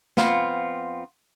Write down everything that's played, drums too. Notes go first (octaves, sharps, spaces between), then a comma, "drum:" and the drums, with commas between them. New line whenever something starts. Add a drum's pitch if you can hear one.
F2 B3 C4 F4, drum: snare